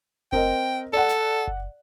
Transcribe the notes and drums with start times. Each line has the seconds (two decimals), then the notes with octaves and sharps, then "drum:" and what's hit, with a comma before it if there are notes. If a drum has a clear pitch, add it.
0.32 C4 A#4 D#5 G5, drum: kick F#1
0.93 A4 D5 F#5
1.09 drum: snare
1.47 drum: kick F#1